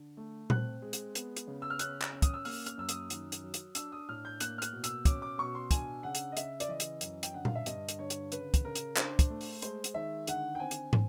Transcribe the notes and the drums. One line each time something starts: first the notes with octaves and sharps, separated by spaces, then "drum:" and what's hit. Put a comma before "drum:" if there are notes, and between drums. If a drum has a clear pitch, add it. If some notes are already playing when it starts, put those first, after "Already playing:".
Already playing: D3
A3
C4 F#6, drum: tom A#2
G#3
drum: hi-hat
B3, drum: hi-hat
drum: hi-hat
C#3
E6
F6
C#4 F#6, drum: hi-hat
drum: clap
C#4
D#6, drum: kick, hi-hat
E6
A#3 F6, drum: open hi-hat
F6, drum: hi-hat
F#2 E6
D#6, drum: hi-hat
D#3, drum: hi-hat
drum: hi-hat
F#3
drum: hi-hat
D4 E6, drum: hi-hat
D#6
A2 F6
G6
A#3 F#6, drum: hi-hat
F6
F#6, drum: hi-hat
B2
E6, drum: hi-hat
C#4 D6, drum: kick, hi-hat
D6
B2 C#6
C6
D4 G#5, drum: kick, hi-hat
C#3 F#5
drum: hi-hat
D#5
C#3 E5, drum: hi-hat
D5, drum: hi-hat
E3 D#5
drum: hi-hat
F#2, drum: hi-hat
G5, drum: hi-hat
D3 F#5
F5, drum: tom A#2
E5
G2 D#5, drum: hi-hat
drum: hi-hat
D3 C#5
drum: hi-hat
C#3 B4, drum: hi-hat
drum: kick, hi-hat
C#3 A#4
drum: hi-hat
D4 C5, drum: clap
drum: kick, hi-hat
A3
drum: open hi-hat
G#3 C5, drum: hi-hat
drum: hi-hat
D#3 E5
D3 F#5, drum: hi-hat
G5
C4 G#5
drum: hi-hat
drum: tom